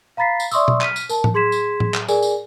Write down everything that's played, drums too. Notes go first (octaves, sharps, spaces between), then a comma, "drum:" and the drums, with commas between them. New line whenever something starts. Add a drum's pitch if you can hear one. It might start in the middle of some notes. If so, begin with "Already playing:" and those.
F5 A#5 B5 A6 B6 C7
drum: tambourine
D5 E5 C6 C#6 D#6 E6, drum: tambourine
drum: tom B2
F6 B6 D#7, drum: clap
drum: tambourine
A#4 A5, drum: tambourine
drum: tom A2
G#4 C6 G#6 B6 E7
drum: tambourine
drum: tom A2
drum: clap
G#4 A#4 D5 G#5, drum: tambourine
drum: tambourine